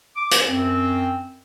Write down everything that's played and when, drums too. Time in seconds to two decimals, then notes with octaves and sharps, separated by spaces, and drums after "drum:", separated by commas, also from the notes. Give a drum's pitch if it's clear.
0.16 D6
0.31 drum: hi-hat
0.48 F#2 C4